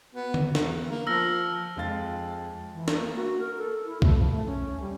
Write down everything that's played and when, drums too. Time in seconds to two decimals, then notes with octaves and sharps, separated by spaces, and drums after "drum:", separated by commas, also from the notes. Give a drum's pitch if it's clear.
0.15 B3
0.34 drum: tom D3
0.55 E2, drum: snare
0.89 A#3
1.07 F3 E6 F6 A#6
1.77 F2 G#3 F5 A6
2.74 E3
2.88 drum: snare
2.98 A#3
3.16 F#4
3.39 A#4
3.58 A4
3.85 E4
4.02 A3, drum: kick C2
4.19 F3
4.31 A3
4.46 C#4
4.81 G3